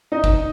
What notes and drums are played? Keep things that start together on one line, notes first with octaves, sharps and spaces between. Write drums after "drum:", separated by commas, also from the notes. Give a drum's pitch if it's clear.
D#4 D#5
drum: kick